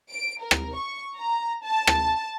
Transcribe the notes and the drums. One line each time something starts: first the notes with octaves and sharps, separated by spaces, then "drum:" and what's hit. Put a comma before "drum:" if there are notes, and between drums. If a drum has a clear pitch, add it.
D7
A#4
drum: rim click
C#6
A#5
A5
drum: rim click